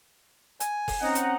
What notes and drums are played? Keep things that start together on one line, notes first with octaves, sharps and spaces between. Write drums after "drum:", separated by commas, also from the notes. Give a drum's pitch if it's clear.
G#5, drum: hi-hat
drum: kick F#1, open hi-hat
C4 C#4 D#4 D#5 F#5 A#5
drum: hi-hat